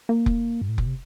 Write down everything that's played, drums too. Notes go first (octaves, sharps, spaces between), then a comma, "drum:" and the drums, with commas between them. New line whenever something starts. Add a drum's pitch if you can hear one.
A#3
drum: kick F1
G2
A2
A#2, drum: kick F1
C3